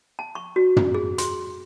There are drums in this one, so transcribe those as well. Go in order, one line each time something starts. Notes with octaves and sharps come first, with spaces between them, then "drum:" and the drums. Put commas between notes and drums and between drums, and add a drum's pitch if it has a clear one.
A5
C#6
F#4
drum: tom
G#4
C6, drum: hi-hat